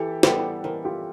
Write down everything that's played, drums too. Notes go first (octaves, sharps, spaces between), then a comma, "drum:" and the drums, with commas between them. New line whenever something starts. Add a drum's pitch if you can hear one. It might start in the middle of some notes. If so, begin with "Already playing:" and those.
Already playing: E3 G4 A4
G3 B3 A4 B4, drum: snare
E3 A#4 C5
F4 G4